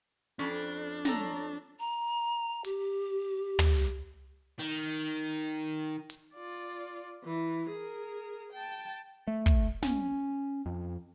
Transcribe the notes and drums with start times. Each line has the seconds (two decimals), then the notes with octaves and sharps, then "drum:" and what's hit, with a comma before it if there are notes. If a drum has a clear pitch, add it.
0.39 F2 C#4 D4 B5
1.05 A4 C#5 A#5, drum: snare
1.79 A#5
2.65 G4, drum: hi-hat
3.59 drum: tom
4.59 D#3
6.10 drum: hi-hat
6.35 F4 D5
7.24 E3
7.70 G#4 A#4
8.53 G5 A5
9.27 A3
9.46 drum: kick
9.83 C#4, drum: snare
10.66 F2